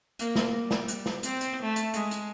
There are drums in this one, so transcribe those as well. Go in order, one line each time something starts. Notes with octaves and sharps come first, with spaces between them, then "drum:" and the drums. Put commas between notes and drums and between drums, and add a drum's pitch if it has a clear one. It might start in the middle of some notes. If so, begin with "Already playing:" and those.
A#3, drum: hi-hat
drum: snare
G3
drum: snare
drum: hi-hat
drum: snare
C4, drum: hi-hat
drum: hi-hat
A3
drum: hi-hat
G#3, drum: hi-hat
drum: hi-hat